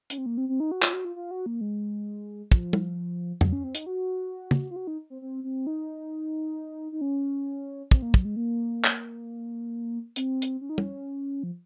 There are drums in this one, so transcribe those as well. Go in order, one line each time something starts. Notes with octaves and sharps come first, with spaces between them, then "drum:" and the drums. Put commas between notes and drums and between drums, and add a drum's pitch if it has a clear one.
C#4, drum: hi-hat
C4
A#3
C4
C4
D#4
F#4
F4, drum: clap
F#4
F4
F4
F#4
A#3
G#3
F3, drum: kick
drum: tom
F#3, drum: tom F2
C#4
C4
D#4, drum: hi-hat
F#4
drum: tom
F4
F#4
D#4
C4
C4
C4
D#4
D#4
C#4
C4, drum: kick
A#3
F#3, drum: kick
G#3
A#3
drum: clap
C4, drum: hi-hat
drum: hi-hat
C#4
D#4
C#4, drum: tom
F3